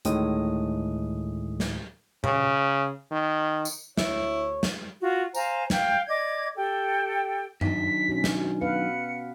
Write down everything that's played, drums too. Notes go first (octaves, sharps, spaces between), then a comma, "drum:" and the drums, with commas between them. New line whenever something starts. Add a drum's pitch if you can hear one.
D2 A2 D#3 G#3 D#6, drum: hi-hat
drum: snare
C#3, drum: tom A#2
D#3
drum: tambourine
D2 E4 C#5, drum: snare
drum: snare
F4 F#4
C5 F5 G#5 A#5, drum: tambourine
F5 G5, drum: snare
D5 D#5 D6 G#6
G4 A4 G5
D#3 F#3 D4 B6, drum: tom G2
B2 C#4
drum: snare
B3 B4 F5 C#7